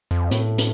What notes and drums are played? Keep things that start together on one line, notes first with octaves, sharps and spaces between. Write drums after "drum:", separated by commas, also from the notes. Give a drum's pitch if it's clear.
F2
A2, drum: hi-hat
drum: hi-hat